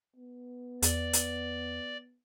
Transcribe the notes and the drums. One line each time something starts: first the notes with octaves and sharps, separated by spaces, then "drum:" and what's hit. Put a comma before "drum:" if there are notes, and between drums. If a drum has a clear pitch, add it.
B3
E2 D5, drum: hi-hat
drum: hi-hat